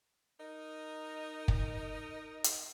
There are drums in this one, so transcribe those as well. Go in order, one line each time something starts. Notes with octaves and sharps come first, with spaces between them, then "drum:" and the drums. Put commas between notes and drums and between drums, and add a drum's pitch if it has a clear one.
D#4 A#4 D#5
drum: kick
drum: hi-hat